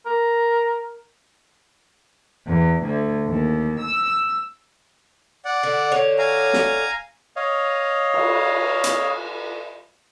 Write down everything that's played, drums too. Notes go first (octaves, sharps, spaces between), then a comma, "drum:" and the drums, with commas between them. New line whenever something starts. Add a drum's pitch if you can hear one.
A#4
E2
D2
D#2
E6
D5 F#5
D3
D3 C#5
F5 G#5 A#5
drum: snare
C#5 D#5 F5
drum: cymbal
drum: hi-hat